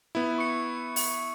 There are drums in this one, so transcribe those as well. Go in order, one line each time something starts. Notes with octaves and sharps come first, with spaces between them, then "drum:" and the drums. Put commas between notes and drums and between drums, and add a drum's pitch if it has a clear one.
B3 E4
C#6 C#7
drum: open hi-hat